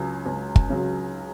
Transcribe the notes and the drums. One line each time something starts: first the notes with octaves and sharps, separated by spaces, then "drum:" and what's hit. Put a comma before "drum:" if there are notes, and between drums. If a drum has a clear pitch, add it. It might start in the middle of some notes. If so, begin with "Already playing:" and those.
Already playing: C#2 C#3 F#3
C#2
drum: kick
C#3 F#3